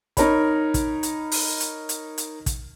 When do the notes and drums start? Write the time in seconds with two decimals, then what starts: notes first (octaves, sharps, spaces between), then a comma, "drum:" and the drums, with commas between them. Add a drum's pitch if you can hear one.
0.17 D#4 A#4 C#5 B5, drum: kick, hi-hat
0.74 drum: kick, hi-hat
1.03 drum: hi-hat
1.32 drum: open hi-hat
1.60 drum: hi-hat
1.89 drum: hi-hat
2.18 drum: hi-hat
2.46 drum: kick, hi-hat